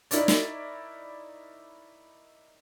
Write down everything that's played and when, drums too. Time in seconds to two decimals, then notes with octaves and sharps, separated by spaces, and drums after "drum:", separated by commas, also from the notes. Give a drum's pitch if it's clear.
0.11 D#4 E4 A#4 C#5 D5, drum: hi-hat
0.28 drum: snare